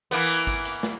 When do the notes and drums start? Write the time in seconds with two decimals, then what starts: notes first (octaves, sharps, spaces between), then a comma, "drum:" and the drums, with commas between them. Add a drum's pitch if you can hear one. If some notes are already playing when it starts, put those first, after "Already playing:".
0.11 E3 A#3 B3, drum: hi-hat
0.29 drum: hi-hat
0.47 drum: kick, hi-hat
0.65 drum: hi-hat
0.83 drum: snare